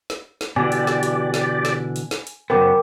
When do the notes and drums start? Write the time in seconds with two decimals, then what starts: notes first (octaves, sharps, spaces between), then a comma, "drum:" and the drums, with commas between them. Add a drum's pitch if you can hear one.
0.10 drum: snare
0.41 drum: snare
0.56 B2 D3 E3 G4 D5 G#5
0.72 drum: hi-hat
0.87 drum: snare
1.03 drum: hi-hat
1.34 drum: snare
1.65 drum: snare
1.96 drum: hi-hat
2.11 drum: snare
2.27 drum: hi-hat
2.50 F#2 C#3 B3 A#4 C5 G5 D6